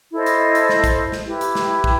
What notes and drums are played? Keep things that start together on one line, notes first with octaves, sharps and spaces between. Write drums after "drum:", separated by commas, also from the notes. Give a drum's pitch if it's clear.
E4 A4 C5 D#5
drum: hi-hat
drum: hi-hat
drum: snare
drum: kick, hi-hat
drum: snare
E4 G4 B4
drum: hi-hat
drum: snare
drum: kick